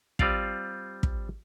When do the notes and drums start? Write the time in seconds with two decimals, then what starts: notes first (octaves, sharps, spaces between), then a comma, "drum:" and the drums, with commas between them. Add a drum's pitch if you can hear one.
0.19 G3 C4 F4 D5 F5, drum: kick
1.03 drum: kick